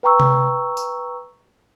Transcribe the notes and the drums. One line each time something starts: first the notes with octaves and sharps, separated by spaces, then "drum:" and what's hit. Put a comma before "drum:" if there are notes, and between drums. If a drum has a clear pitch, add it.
B4 G5 A#5 C#6 E6
drum: tom C3
drum: tambourine